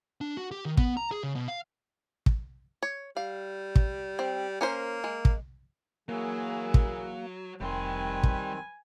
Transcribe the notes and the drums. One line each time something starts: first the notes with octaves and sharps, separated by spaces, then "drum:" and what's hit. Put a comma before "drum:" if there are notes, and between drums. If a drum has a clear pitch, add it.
D4
F#4
G4
D#3
B3, drum: kick
A#5
G#4
C#3
B2
F5
drum: kick
C#5
G3 F5
drum: kick
C4
A#3 C#4 A#4 C5
G#3
drum: kick
E3 F#3 A#3 G#4
drum: kick
F1 D#3 G3 C4 B4 G#5 C6
drum: kick